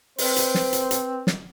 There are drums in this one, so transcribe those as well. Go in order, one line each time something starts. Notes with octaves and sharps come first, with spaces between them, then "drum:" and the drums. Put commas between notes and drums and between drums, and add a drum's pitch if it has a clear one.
C4 B4 C5, drum: open hi-hat
drum: hi-hat
drum: snare
drum: hi-hat
drum: hi-hat
drum: snare